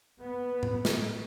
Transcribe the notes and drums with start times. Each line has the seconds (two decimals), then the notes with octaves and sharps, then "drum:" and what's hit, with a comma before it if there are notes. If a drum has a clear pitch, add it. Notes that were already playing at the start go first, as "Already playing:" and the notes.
0.19 B3
0.63 drum: tom A2
0.85 drum: snare